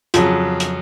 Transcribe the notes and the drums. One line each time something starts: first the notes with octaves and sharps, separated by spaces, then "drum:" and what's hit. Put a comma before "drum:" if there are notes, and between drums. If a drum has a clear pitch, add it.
F2 C#3 F#3 F4, drum: hi-hat
drum: hi-hat